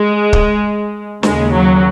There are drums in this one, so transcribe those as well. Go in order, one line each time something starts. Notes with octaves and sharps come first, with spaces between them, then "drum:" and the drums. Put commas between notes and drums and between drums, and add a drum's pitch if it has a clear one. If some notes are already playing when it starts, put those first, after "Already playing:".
Already playing: G#3
drum: kick
D#2 C#3 G#3, drum: snare
F#3